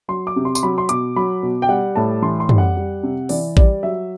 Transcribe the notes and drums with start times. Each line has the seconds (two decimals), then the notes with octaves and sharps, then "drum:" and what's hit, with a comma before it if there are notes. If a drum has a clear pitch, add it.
0.08 F#3 C6
0.27 D6
0.36 C3
0.45 C6
0.55 C6, drum: tambourine
0.63 F#3 B5
0.78 C6
0.89 B2 D6, drum: hi-hat
1.16 F#3 B5
1.43 B2
1.62 G5
1.69 G3 F#5
1.96 A2 A5
2.22 E3 C6
2.40 C6
2.49 G3, drum: tom
2.58 F#5
2.77 G3
3.03 C3
3.29 E3 D5, drum: open hi-hat
3.57 G3 D5, drum: kick A1
3.83 F#3 E5